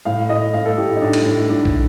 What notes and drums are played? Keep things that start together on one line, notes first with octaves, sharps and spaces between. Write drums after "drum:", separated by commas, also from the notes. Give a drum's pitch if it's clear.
A2 F5
A2 D#5
A2 F5
A4
A2 G4
F4
D#4
A2 D4
drum: cymbal
A2
A2 D4
drum: kick